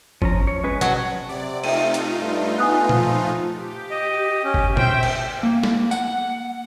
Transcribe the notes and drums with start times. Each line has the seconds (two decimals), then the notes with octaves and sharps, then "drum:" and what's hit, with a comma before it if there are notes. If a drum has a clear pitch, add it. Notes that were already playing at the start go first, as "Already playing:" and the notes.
0.22 F3 C#4 A#5, drum: kick G1
0.47 C#5
0.64 G#3 C#4 B4
0.81 F#3 C#5 A5, drum: hi-hat
1.29 C3 D5
1.64 A3 D#4 F4 E5 G5 D#7, drum: cymbal
1.94 drum: hi-hat
2.19 G2
2.58 B3 G#5 D#6 F#6
2.89 F3, drum: tom A#2
3.59 G4
3.91 D#5
4.44 C#4
4.54 drum: kick G1
4.77 C5 E5 G5, drum: tom A#2
5.03 drum: cymbal
5.43 A#3
5.63 drum: snare
5.91 F#5, drum: tambourine